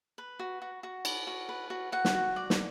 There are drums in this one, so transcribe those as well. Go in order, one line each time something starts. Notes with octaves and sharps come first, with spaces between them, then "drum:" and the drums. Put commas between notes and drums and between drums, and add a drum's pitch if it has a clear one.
B4
F#4
F#4
F#4
B4, drum: cymbal
F#4
B4
F#4
F#4 F#5
drum: snare
F#4
D5
drum: snare